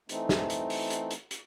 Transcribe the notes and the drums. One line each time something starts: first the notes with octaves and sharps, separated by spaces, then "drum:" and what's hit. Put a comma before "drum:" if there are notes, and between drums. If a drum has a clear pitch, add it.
E3 A3 C4 D#4, drum: hi-hat
drum: snare
drum: hi-hat
drum: open hi-hat
drum: hi-hat
drum: hi-hat
drum: hi-hat